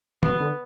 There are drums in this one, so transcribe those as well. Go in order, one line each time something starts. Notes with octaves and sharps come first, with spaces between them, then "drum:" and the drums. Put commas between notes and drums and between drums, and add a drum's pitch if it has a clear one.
B2 B3, drum: tom
D3